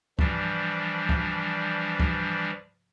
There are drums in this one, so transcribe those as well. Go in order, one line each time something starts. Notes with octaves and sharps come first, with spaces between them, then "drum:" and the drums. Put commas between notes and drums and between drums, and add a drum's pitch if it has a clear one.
E3 F3 G3 D4, drum: kick C#2
drum: kick C#2
drum: kick C#2